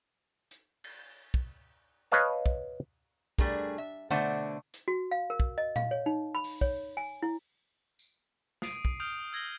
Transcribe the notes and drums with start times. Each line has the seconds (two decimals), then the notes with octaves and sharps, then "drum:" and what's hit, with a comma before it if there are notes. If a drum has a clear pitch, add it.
0.51 drum: hi-hat
0.84 drum: cymbal
1.34 drum: kick
2.12 B4 C#5 D#5 F5 A5
2.46 drum: kick
3.38 G3 A3 D4 G#4 A#4, drum: kick
3.78 E5
4.10 B2 D3 A3 D4 C5 F#5, drum: tom D3
4.74 drum: hi-hat
4.88 F#4
5.11 F5
5.30 A#4
5.40 drum: kick
5.58 D#5
5.76 F5, drum: tom A#2
5.91 C#5
6.06 D#4
6.35 B5
6.44 drum: open hi-hat
6.61 C#5, drum: kick
6.97 G#5
7.22 E4
7.99 drum: tambourine
8.62 D#6 C7 D7 D#7, drum: snare
8.85 drum: kick
9.00 D#6 F6 G6 D7 F7
9.33 E6 G#6 A#6 F#7 G7